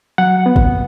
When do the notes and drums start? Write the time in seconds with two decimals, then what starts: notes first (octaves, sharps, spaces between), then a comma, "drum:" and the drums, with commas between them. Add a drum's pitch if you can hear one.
0.18 F#3 F#5
0.46 B3
0.56 drum: kick